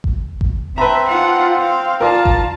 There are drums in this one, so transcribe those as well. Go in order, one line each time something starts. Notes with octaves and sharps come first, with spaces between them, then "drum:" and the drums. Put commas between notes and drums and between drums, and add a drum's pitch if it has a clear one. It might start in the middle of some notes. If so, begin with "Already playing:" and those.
drum: kick G1
drum: kick G1
C4 B4 E5 A5 A#5
F4 F#5
F5
F4 A#4 D5 A5
drum: kick G1